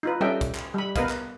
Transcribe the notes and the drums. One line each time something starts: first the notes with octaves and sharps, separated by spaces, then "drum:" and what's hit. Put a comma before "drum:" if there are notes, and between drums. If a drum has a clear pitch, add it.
D#4 F4 B4
G3 C#4 A4 D#5 E5 G5
drum: kick, hi-hat
drum: clap
G3 B5
B3 A#4 B4 D#5 F5, drum: kick, hi-hat
drum: clap